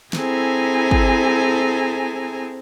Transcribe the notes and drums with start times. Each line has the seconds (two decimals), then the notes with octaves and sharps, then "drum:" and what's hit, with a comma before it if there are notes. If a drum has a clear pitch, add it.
0.13 C4 E4 G#4 A4 G#5 A#5, drum: snare
0.91 drum: kick